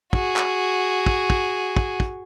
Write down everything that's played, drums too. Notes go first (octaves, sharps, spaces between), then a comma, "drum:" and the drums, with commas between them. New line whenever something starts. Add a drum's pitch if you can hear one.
F#4 G#4, drum: kick
drum: clap
drum: kick
drum: kick
drum: kick
drum: kick